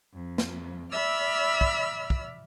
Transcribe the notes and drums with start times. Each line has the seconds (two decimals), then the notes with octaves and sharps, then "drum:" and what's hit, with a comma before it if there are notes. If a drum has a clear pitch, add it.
0.14 F2
0.38 drum: snare
0.91 D5 E5 B5 E6 F6
1.61 drum: kick
2.10 drum: kick